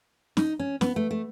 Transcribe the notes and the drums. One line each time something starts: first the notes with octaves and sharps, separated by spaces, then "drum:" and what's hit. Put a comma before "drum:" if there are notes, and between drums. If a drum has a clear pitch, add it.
D#4, drum: snare
C#4
B3, drum: snare
A3
A3